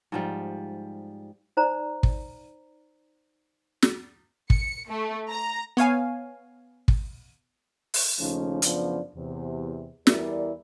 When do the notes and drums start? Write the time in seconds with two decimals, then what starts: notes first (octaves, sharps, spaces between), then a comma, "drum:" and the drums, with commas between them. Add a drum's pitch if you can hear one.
0.12 G#2 F3 G3
1.57 D#4 C5 D5 A#5
2.03 drum: kick
3.82 drum: snare
4.50 C#7, drum: kick
4.89 A3
5.29 A#5
5.77 B3 C#5 F5 G#5
6.88 drum: kick
7.94 drum: open hi-hat
8.20 D#2 C#3 F3 A3 C#4 D#4
8.62 F#2 C#3 F3 B3 D4 D5, drum: hi-hat
9.15 E2 C3
10.07 E2 G3 E4 A#4 D5, drum: snare